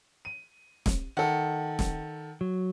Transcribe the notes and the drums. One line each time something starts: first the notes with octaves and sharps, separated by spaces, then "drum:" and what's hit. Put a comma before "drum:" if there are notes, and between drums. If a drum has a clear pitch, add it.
D#7
drum: snare
D#3 A4 F#5
drum: snare
F#3